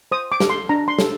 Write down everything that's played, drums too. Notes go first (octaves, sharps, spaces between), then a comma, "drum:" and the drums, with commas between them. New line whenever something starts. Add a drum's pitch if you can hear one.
C5 D#6
D6
A4, drum: snare
C6
D4 A#5
C6
A4, drum: snare